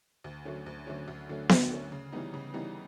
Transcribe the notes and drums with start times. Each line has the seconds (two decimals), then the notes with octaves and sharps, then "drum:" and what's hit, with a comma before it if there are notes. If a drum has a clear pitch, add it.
0.24 D2
0.45 D3 F#3 A3 C#4
0.66 D2
0.87 D3 F#3 A3 C#4
1.08 D2
1.29 D3 F#3 A3 C#4
1.49 D2, drum: snare B3
1.70 D3 F#3 A3 C#4
1.92 C#3
2.12 E3 G3 B3 D#4
2.34 C#3
2.54 E3 G3 B3 D#4